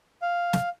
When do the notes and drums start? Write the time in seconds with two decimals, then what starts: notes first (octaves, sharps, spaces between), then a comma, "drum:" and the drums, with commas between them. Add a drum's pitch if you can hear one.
0.22 F5
0.53 drum: snare